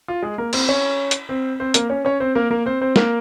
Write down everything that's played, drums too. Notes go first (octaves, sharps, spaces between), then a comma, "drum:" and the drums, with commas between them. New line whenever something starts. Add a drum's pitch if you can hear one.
F4
G#3 G#4
A#3 A#4
C4 C5, drum: cymbal
C#4 C#5
drum: hi-hat
C4 C5
C4 C5
A#3 A#4, drum: hi-hat
C#4 C#5
C#4 C#5
C4 C5
A#3 A#4
A#3 A#4
C4 C5
C4 C5
A#3 A#4, drum: snare